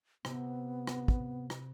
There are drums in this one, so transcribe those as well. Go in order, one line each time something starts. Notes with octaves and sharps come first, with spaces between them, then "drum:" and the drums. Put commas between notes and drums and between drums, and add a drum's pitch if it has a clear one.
C3 B3, drum: rim click
drum: rim click
drum: kick
drum: rim click